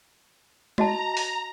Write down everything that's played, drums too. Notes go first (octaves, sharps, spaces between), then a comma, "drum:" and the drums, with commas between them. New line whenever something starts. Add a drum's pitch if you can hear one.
F#4 D#5 A5 A#5, drum: tom G#3
drum: open hi-hat